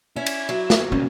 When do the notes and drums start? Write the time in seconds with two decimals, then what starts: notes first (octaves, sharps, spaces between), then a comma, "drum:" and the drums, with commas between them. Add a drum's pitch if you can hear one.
0.16 C#4 E4
0.26 drum: cymbal
0.49 F#3
0.70 drum: snare
0.92 C2 A#2 C#4